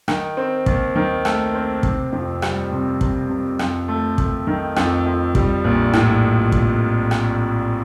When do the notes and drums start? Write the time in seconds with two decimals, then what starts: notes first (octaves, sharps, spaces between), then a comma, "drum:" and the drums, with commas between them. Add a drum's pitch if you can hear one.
0.08 D#3, drum: rim click
0.37 C4
0.66 D#2, drum: kick
0.96 D#3
1.25 A3, drum: rim click
1.54 C4
1.83 C3, drum: kick
2.12 F2
2.42 G3, drum: rim click
2.72 C3
3.01 C3, drum: kick
3.29 C3
3.59 F2, drum: rim click
3.88 A3
4.18 A3, drum: kick
4.47 D#3
4.76 F2, drum: rim click
5.06 F2
5.35 G3, drum: kick
5.64 A#1
5.93 A2, drum: rim click
6.52 drum: kick
7.11 drum: rim click